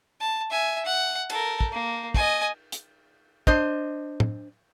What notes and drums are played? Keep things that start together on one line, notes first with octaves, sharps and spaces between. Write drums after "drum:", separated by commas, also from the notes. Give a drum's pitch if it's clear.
A5
E5 G#5
F#5
A4 A#4, drum: cymbal
drum: kick
A#3
D#5 G#5, drum: kick
drum: hi-hat
D4 C5 D#5, drum: kick
drum: tom